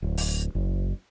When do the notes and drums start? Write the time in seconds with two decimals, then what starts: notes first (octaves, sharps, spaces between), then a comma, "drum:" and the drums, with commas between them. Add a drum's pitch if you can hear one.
0.02 D1
0.18 drum: open hi-hat
0.55 F#1